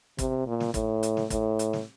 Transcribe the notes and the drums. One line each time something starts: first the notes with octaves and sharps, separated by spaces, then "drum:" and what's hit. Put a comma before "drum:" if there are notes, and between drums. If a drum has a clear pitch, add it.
C3, drum: kick, hi-hat
A#2
drum: snare
A2, drum: kick, hi-hat
drum: hi-hat
drum: snare
A2, drum: kick, hi-hat
drum: hi-hat
drum: snare